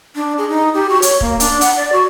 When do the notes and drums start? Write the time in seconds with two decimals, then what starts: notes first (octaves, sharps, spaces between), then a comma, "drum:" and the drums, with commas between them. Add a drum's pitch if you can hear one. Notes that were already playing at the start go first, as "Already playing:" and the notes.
0.16 D4
0.38 G#4
0.49 D#4
0.74 G4
0.89 F#4
1.02 C#5, drum: hi-hat
1.21 A#3, drum: kick
1.40 D4, drum: hi-hat
1.61 F#5, drum: hi-hat
1.76 D5
1.93 F#4